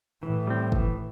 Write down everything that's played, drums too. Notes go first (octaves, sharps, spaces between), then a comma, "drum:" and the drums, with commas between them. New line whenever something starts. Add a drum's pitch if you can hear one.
A2 E3
G3 C4
E3, drum: kick